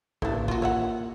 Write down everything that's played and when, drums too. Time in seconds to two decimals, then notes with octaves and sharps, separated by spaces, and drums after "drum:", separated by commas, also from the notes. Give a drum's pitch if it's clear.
0.22 A1 A3 A#3 D4 G4 A#4, drum: kick
0.48 A#2 F4 F#4, drum: kick
0.62 C#5 E5 F#5